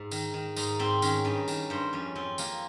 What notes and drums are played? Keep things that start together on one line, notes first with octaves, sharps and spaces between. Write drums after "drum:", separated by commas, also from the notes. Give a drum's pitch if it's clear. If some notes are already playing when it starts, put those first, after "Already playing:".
Already playing: G#2
D#3, drum: tambourine
D#3
G#2 D#4, drum: tambourine
G#2 C4
D#3 C#4, drum: tambourine
G2 D#4
D#3, drum: tambourine
G2 C5
F2 C#4
F2 C4
F2 A#3, drum: tambourine